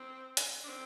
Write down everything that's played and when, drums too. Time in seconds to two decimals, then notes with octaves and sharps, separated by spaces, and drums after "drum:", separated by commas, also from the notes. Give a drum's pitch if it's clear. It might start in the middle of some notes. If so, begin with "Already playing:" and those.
Already playing: C4
0.37 drum: hi-hat
0.64 D4
0.68 C4